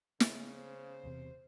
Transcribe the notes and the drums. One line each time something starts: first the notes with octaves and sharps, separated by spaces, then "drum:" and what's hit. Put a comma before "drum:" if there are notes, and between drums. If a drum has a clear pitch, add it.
C#3, drum: snare
C5
E1 E2 C3